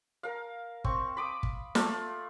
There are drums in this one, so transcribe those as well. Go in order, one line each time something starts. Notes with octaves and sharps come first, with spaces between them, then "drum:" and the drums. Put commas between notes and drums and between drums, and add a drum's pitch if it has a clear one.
A#4 F5
C4 C#6, drum: kick
B5 D6 D#6
drum: kick
A3 F4 D5, drum: snare